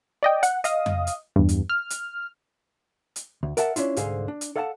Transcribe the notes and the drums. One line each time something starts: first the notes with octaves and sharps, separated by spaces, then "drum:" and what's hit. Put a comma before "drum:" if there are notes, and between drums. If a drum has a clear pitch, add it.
D5 D#5 G5
F#5, drum: hi-hat
D#5 F5 D#6, drum: hi-hat
drum: tom F2
drum: hi-hat
E2 G2
drum: hi-hat
F6
drum: hi-hat
drum: hi-hat
D2
A#4 D5 E5 F#5 A5, drum: hi-hat
C#4 D4 E4 F4, drum: hi-hat
C2 G#2 D3 G#4 C5 F5, drum: hi-hat
D4
drum: hi-hat
A4 D5 F5 F#5 G#5 A5